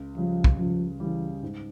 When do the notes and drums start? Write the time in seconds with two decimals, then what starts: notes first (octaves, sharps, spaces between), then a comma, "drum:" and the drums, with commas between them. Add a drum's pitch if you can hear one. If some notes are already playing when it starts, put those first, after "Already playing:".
Already playing: C#2
0.17 C#3 F3 G3
0.44 drum: kick
0.58 C#2 F3
1.00 C#3 E3 G3
1.43 G#2